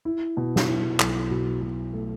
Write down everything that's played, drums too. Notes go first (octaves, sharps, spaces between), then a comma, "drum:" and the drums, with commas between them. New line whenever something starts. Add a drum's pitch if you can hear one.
E4
B2
drum: snare
E4
B1, drum: clap
B2
B2
A3